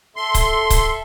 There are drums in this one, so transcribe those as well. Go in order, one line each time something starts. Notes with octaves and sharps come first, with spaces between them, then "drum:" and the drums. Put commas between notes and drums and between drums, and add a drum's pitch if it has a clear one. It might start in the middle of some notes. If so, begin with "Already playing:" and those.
A4 E5 C6
drum: kick C#1, hi-hat
drum: kick C#1, hi-hat